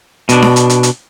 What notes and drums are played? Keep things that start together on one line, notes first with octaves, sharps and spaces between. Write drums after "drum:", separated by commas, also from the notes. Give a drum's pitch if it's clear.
B2 D4, drum: hi-hat
drum: snare D4
drum: hi-hat
drum: hi-hat
drum: hi-hat